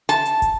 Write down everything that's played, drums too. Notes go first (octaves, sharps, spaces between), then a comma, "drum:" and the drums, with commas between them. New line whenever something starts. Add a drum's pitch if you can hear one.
A5, drum: hi-hat
drum: hi-hat
drum: kick, hi-hat